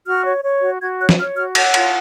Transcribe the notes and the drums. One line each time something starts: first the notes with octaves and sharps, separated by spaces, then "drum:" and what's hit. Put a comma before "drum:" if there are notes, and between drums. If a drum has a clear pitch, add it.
F#4 F6
C#5
C#5
F#4
F#4 G#6
C#5 F#6
drum: snare
C#5 F6
F#4 F6
C#5 F#5, drum: cymbal
F4, drum: cymbal